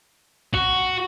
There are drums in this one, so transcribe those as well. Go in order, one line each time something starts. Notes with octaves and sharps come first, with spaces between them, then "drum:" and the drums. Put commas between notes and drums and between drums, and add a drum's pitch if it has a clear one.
F#4, drum: kick